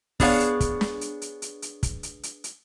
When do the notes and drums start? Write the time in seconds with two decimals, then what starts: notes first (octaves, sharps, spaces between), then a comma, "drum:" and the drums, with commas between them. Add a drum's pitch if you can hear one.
0.20 B3 D4 G#4 C#5 F5, drum: kick, open hi-hat
0.40 drum: hi-hat
0.60 drum: kick, hi-hat
0.81 drum: snare
1.01 drum: hi-hat
1.22 drum: hi-hat
1.42 drum: hi-hat
1.62 drum: hi-hat
1.83 drum: kick, hi-hat
2.03 drum: hi-hat
2.23 drum: hi-hat
2.44 drum: hi-hat